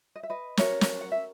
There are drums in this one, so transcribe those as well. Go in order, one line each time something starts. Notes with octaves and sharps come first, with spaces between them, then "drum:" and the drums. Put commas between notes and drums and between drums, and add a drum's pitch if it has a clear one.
D#5
E5
B4 D#5
C#4 F#4 A#4 C#5 E5, drum: snare
drum: snare
F#5
E5